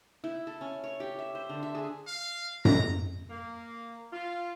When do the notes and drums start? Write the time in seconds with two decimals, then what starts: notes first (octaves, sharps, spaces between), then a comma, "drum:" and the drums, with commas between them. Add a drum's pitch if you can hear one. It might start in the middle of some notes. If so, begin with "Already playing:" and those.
0.24 E4
0.47 A4
0.61 C#4
0.84 C#5
1.00 G4
1.19 E5
1.35 C5
1.49 D3
1.63 E5
1.75 G#4
2.07 F5
2.65 A#5, drum: tom F#2
3.30 A#3
4.13 F4